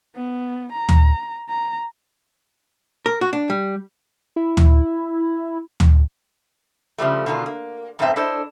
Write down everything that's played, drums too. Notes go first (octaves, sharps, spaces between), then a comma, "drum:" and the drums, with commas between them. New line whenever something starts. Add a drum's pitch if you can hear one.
B3
A#5
drum: tom D2
A#5
A#4
F#4
D4
G3
E4
drum: tom D2
drum: tom D2
C#3 F3 G3 A3
B2 D3 D#3 F4
A#3
F2 G#2 A3 B3 C4 E5
D4 E4 A4 C5 D#5